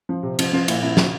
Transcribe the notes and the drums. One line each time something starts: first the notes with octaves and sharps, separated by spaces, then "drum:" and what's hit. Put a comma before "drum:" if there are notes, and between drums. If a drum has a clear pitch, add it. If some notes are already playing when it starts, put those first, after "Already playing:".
F3
C3
F3, drum: cymbal
F3 F4
A#2 E4, drum: cymbal
F3 E4
F3, drum: snare